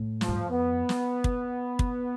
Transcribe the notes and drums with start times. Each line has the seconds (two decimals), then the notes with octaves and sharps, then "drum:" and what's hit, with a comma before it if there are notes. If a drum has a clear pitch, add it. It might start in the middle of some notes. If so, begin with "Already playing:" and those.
Already playing: A2
0.21 F3, drum: snare
0.28 G2
0.36 F2
0.50 B3
0.89 drum: snare
1.24 drum: kick
1.79 drum: kick